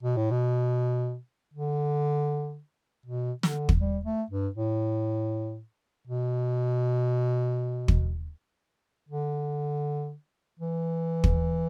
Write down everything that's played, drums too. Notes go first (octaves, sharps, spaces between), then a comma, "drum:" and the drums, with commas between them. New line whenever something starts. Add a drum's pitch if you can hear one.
B2
A2
B2
D3
B2
D3, drum: snare
drum: kick
G3
A3
G2
A2
B2
drum: kick
D3
E3
drum: kick